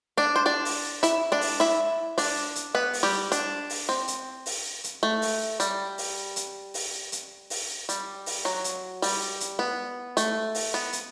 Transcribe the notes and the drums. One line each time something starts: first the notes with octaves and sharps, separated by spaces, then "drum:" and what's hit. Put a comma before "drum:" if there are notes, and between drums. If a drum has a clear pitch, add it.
D4 D5
C5
D4 D5
drum: open hi-hat
E4 E5, drum: hi-hat
D4 D5
drum: open hi-hat
E4 E5
D4 D5, drum: open hi-hat
drum: hi-hat
B3 B4
drum: open hi-hat
G3 G4
D4, drum: hi-hat
drum: open hi-hat
C4
drum: hi-hat
drum: open hi-hat
drum: hi-hat
A3
drum: open hi-hat
G3, drum: hi-hat
drum: open hi-hat
drum: hi-hat
drum: open hi-hat
drum: hi-hat
drum: open hi-hat
G3, drum: hi-hat
drum: open hi-hat
F#3
drum: hi-hat
G3, drum: open hi-hat
drum: hi-hat
B3
A3, drum: hi-hat
drum: open hi-hat
B3
drum: hi-hat